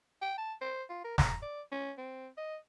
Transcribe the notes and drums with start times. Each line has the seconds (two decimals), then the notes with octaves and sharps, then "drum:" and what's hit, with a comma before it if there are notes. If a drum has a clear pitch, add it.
0.22 G5
0.38 A5
0.61 C5
0.89 F4
1.04 A#4
1.18 A#5, drum: snare
1.42 D5
1.72 C#4
1.98 C4
2.37 D#5